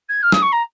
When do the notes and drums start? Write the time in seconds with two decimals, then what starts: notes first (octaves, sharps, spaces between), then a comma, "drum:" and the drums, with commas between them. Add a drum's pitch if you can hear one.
0.09 G#6
0.23 F6
0.32 D#6, drum: snare
0.42 C#6
0.52 A#5